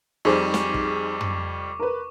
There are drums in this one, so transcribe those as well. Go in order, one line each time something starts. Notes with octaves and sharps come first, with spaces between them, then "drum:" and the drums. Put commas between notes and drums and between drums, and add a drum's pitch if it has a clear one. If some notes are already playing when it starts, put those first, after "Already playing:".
F2 G3 D#4 G#4 C5 C#6 D6
drum: snare
drum: kick
drum: tom
A#4 B4